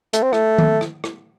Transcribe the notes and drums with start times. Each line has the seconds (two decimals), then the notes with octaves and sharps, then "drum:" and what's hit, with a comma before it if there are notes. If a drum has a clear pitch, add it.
0.13 A3, drum: hi-hat
0.23 C4
0.33 A3, drum: rim click
0.58 drum: tom D#3
0.81 drum: rim click
1.04 drum: rim click